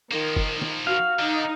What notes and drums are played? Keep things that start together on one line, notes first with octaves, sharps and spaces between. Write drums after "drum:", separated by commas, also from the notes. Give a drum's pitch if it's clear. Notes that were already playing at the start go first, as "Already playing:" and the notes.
D#3 F3 A#3
drum: kick
drum: snare
F#4 F5
D3 D#4